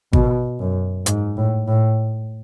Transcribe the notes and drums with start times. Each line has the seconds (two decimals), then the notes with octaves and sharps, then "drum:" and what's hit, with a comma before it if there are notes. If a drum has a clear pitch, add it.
0.13 B2, drum: kick G#1
0.59 F#2
1.06 G#2, drum: hi-hat
1.37 A2
1.68 A2